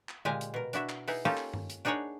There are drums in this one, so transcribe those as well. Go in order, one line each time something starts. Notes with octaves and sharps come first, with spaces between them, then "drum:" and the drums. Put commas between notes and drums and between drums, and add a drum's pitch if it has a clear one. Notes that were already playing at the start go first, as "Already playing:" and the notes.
drum: clap
A#2 G#3 G4 F5 G#5 A#5, drum: tom D3
drum: hi-hat
B2 A#4
D4 E4 F#4 E5, drum: hi-hat
drum: clap
B3 D#4 E4 G#4, drum: open hi-hat
A#3 C#4 D#4 F4 G4 A4
drum: clap
drum: tom G2
drum: hi-hat
D4 D#4 G#4 A#4 C#5 F#5